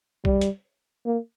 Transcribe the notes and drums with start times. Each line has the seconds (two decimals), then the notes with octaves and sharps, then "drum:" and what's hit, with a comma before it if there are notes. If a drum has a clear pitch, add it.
0.25 G3, drum: kick
0.41 drum: hi-hat
1.06 A#3